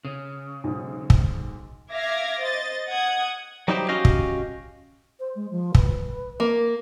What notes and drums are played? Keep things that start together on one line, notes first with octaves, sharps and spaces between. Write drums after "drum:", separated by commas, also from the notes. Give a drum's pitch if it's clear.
C#3
B1 G#2
drum: kick
E5 F5 D6 G#6 A#6
C5 D#5 A6
F#5 D#6 G#6
F#3 G3 D#4 E4 G4 C5
C#4 F#4 G4 D#5 F5
drum: kick
C5
G#3
F3
B4, drum: kick
A#3